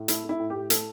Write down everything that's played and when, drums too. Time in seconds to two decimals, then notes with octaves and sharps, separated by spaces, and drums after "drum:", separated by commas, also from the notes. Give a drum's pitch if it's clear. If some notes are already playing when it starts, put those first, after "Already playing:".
Already playing: A2
0.08 A3 E4, drum: hi-hat
0.24 A3
0.29 E4
0.40 A2
0.50 G4
0.55 A2
0.70 A3 A4, drum: hi-hat